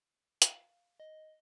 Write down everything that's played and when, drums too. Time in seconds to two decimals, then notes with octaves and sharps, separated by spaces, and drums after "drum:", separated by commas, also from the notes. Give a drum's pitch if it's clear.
0.42 F5, drum: hi-hat
1.00 D#5